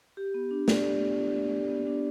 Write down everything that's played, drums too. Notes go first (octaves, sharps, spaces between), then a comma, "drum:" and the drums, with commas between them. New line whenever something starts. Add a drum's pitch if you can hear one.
G4
B3
D4
D5, drum: snare
G4
B3
D4
D5
G4
B3
D4